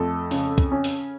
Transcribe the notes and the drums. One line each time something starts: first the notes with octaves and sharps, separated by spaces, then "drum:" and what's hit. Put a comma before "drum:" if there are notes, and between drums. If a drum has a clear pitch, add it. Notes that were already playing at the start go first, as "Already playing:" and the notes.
Already playing: F2 A3 A4
C#3, drum: open hi-hat
drum: kick, hi-hat
C#4
drum: open hi-hat